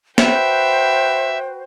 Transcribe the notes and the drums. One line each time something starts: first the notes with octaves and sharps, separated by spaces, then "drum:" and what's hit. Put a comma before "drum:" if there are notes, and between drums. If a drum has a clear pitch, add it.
F#4 B4 C5 E5 G5, drum: snare